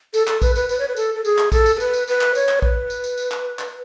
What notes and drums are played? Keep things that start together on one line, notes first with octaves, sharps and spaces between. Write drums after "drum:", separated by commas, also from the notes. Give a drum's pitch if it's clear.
A4, drum: tambourine
A4, drum: clap
B4, drum: kick, tambourine
B4, drum: tambourine
B4, drum: tambourine
C#5
B4
A4, drum: tambourine
A4
G#4, drum: tambourine
drum: clap
A4, drum: kick, tambourine
drum: tambourine
A4
B4, drum: tambourine
drum: tambourine
B4, drum: tambourine
drum: clap
C#5, drum: tambourine
drum: clap
B4, drum: kick
drum: tambourine
drum: tambourine
drum: tambourine
drum: clap
drum: clap